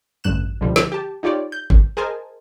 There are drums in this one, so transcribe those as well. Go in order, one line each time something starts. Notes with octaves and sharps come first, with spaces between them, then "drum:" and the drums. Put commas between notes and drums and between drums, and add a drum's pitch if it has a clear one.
A1 D2 G2 F#6 E7
C#2 B2 D3 F3 G3
drum: snare
G4 A5
D#4 F4 G4 C#5 D5
G6
drum: kick G1
G#4 A#4 C5 D#5 G#5 A5